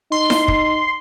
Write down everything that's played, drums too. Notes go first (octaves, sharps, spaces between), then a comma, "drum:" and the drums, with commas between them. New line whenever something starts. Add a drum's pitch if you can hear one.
D#4 C6
drum: snare E4
drum: kick